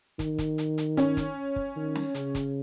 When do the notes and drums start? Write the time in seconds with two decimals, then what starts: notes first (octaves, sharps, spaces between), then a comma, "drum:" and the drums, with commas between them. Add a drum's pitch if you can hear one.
0.19 D#3, drum: kick, hi-hat
0.38 drum: kick, hi-hat
0.58 drum: hi-hat
0.78 drum: hi-hat
0.97 C#4, drum: hi-hat
1.17 drum: kick, hi-hat
1.56 drum: kick
1.76 D#3
1.95 drum: snare
2.14 C#3, drum: hi-hat
2.35 drum: kick, hi-hat